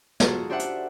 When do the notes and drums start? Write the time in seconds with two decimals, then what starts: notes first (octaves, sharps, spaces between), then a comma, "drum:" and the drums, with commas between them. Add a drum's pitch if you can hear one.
0.20 D#4 F4 F#4 G#4 A4, drum: snare
0.50 D4 G4 C5 E5 F#5
0.59 drum: hi-hat